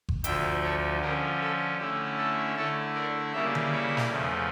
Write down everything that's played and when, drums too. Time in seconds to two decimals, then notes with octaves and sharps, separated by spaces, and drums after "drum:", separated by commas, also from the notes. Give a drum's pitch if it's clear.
0.09 drum: kick G1
0.24 D2 D3 F3 E5 G5, drum: hi-hat
0.63 A4 C#5
1.01 D3 F3 C#4 G4 A#4
1.40 A4
1.79 D3 A3 C#4 E4 G4
2.17 A4
2.56 D3 A3 E4 A4 C#5
2.95 A#4 D5
3.33 C#3 G3 A#3 E4 C#5 E5
3.55 drum: tom D3
3.72 C#5 E5
3.97 drum: snare
4.11 E2 C#3 F3 A3